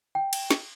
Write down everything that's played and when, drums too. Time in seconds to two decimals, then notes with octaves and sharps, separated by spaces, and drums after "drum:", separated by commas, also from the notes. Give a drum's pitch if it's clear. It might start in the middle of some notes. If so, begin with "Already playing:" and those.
0.15 G5
0.33 drum: cymbal
0.51 drum: snare